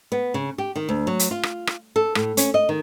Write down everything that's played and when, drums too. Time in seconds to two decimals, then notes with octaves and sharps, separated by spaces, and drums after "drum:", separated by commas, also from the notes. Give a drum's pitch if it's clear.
0.12 B3
0.34 C#3
0.58 G4
0.76 D#3
0.89 D2
1.07 F#3
1.19 drum: hi-hat
1.31 F4
1.43 drum: rim click
1.67 drum: rim click
1.96 A4
2.15 A2, drum: rim click
2.37 C#4, drum: hi-hat
2.54 D#5
2.69 D#3